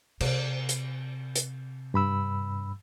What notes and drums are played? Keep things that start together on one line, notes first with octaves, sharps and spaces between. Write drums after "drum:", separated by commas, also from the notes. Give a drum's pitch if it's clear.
C3, drum: cymbal
drum: hi-hat
drum: hi-hat
G2 B5 E6